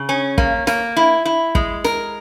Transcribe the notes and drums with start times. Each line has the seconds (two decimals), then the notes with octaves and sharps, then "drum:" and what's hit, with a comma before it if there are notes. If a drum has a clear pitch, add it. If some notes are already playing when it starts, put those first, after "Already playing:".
Already playing: C#3
0.09 C#4
0.38 A#3, drum: kick
0.67 A#3, drum: snare
0.96 E4
1.25 E4
1.55 G#3, drum: kick
1.84 A#4, drum: snare